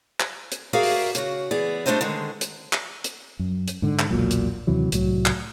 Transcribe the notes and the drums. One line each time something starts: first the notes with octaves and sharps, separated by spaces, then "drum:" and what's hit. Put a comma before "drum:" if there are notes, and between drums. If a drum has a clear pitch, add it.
drum: clap
drum: hi-hat
F#4 G#4 A#4 D5 E5 F5
drum: open hi-hat
C#3 F#4, drum: hi-hat
E3 B3 G#4 D5
G3 A3 D4 E4 C5 D#5
D3 D#3 G#3
drum: hi-hat
drum: clap
drum: hi-hat
F#2
drum: hi-hat
G#2 D3
drum: clap
E1 B1 A#2 F#3
drum: hi-hat
D#2 C3 E3 F#3
C2 A2 F#3, drum: hi-hat
drum: clap